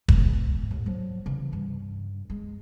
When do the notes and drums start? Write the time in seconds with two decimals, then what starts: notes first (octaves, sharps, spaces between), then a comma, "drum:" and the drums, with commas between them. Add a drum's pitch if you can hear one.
0.08 G#2 B2, drum: kick
0.71 D#2 A2
0.86 F3 F#3
1.26 C#3 E3
1.53 G2
2.30 G#3